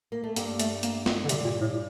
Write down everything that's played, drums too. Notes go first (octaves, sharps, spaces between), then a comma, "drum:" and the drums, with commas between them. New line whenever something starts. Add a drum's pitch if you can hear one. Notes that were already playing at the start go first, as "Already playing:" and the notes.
A#3
A3
G2 G3 A#3, drum: hi-hat
A3, drum: hi-hat
A#3, drum: hi-hat
drum: snare
D3
G2 C3 G3, drum: hi-hat
A#2
A2